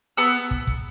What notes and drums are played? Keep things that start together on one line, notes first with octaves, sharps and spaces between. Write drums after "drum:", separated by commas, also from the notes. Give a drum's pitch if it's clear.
B3 E6
drum: kick
drum: kick